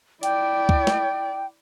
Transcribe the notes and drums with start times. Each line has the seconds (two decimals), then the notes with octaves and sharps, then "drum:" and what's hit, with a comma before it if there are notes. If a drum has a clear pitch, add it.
0.23 E4 D5 G5, drum: hi-hat
0.69 drum: kick
0.87 drum: snare